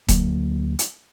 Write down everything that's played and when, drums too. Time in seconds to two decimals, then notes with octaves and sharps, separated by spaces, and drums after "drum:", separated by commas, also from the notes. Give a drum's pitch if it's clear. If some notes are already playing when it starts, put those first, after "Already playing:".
0.08 D2 F#3 A#3, drum: kick E1, hi-hat
0.79 drum: hi-hat